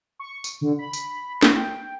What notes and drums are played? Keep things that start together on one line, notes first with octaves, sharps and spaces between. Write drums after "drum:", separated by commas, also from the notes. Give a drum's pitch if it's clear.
C#6
drum: tambourine
D3
B5
drum: tambourine
drum: snare
G5